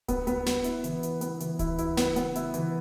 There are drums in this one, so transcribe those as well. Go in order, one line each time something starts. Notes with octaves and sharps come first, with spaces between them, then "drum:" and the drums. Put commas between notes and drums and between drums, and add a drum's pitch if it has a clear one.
B3, drum: kick D1, hi-hat
B3, drum: hi-hat
B3, drum: snare
E4, drum: hi-hat
E3, drum: hi-hat
E4, drum: hi-hat
B3, drum: hi-hat
E3, drum: hi-hat
E4, drum: kick D1, hi-hat
E4, drum: hi-hat
B3, drum: snare
B3, drum: hi-hat
E4, drum: hi-hat
E3, drum: hi-hat